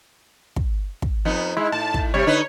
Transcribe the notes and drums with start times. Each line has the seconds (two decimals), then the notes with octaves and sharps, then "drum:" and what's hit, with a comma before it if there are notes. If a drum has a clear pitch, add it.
0.56 drum: kick
1.02 drum: kick
1.25 F2 B3 D#4
1.57 G#3 E4
1.72 A2 A5
1.94 drum: kick
2.14 C3 G3 C#5
2.26 D3 D#4 B4